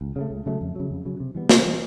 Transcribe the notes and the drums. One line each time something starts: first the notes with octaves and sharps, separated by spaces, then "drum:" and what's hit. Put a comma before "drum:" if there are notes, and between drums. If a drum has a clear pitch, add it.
C#2
C#3 F#3 A3
C#2
C#3 F#3 A3
F2
C#3 F#3
F2
C#3 F#3
C3
E3 G3 B3
C3, drum: snare
E3 G3 B3